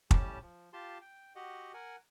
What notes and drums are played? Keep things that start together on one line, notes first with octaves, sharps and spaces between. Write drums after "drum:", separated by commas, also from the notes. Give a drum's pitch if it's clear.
A2 G3 C#4 G4 A5, drum: kick
F3
F4 G4 A5 C6
G5
F#4 G4 D#5 F#5
A#4 F#5 G#5